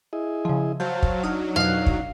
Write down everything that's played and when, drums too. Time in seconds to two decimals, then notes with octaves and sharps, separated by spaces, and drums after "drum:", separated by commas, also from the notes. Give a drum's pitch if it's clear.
0.13 E4 G#4 D#5
0.45 C#3 F3
0.80 F#3 C5 F5 A5 G6
1.03 drum: kick
1.24 D4 D#4 D#6 F6
1.56 F2 B2 F5 F#6
1.86 drum: kick